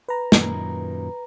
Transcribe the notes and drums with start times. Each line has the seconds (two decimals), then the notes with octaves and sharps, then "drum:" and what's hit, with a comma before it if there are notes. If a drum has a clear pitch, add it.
0.08 B4 A#5
0.32 F#2 A#2 D#3, drum: snare